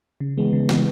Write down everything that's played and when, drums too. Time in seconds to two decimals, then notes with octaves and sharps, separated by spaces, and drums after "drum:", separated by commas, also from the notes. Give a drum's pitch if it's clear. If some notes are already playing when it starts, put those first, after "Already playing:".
0.20 C#3
0.38 E3 G#3 B3
0.53 C#3
0.69 E3 G#3 B3, drum: snare